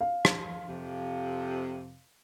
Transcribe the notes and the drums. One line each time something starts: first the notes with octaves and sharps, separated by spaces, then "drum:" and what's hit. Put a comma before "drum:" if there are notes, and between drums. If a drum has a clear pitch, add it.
F5
drum: rim click
F2 C3